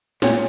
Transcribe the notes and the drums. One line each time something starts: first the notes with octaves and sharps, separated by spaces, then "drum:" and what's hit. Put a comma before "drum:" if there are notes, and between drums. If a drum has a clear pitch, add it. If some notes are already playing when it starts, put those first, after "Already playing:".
A#2 C#5, drum: snare